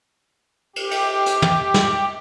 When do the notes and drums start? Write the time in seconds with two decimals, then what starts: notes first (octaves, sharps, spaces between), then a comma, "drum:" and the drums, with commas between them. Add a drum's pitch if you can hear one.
0.76 G4, drum: cymbal
0.91 drum: cymbal
1.26 drum: hi-hat
1.42 drum: tom
1.74 drum: snare